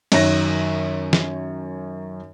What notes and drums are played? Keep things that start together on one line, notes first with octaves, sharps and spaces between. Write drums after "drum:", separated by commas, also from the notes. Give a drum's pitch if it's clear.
F#2 D#3 C#5 A#6, drum: cymbal
drum: snare